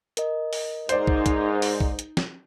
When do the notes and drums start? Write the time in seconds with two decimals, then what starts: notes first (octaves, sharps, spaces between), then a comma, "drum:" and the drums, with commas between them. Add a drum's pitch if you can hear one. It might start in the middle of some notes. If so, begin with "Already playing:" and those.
0.17 A#4 D#5, drum: hi-hat
0.53 drum: open hi-hat
0.89 G#2 D#4 C5 D5, drum: hi-hat
1.07 drum: kick
1.26 drum: kick, hi-hat
1.62 drum: open hi-hat
1.80 drum: kick
1.99 drum: hi-hat
2.17 drum: snare